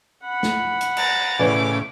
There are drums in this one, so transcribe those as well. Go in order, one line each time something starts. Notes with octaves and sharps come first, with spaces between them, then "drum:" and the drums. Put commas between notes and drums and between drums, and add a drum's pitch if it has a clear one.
F#5 B5
drum: snare
drum: hi-hat
A#5 A6, drum: cymbal
A2 C#3 E3 C#5 D5 D6